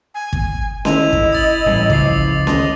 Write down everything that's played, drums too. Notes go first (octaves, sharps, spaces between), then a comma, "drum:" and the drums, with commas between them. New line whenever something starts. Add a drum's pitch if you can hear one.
G#5
drum: kick
E4 D#5 D#7 F7, drum: snare C#4
drum: kick
D#6 A6 F#7
A1 A2 G3
C#2 C#3 F3 D6 C7, drum: kick
D#5, drum: snare C#4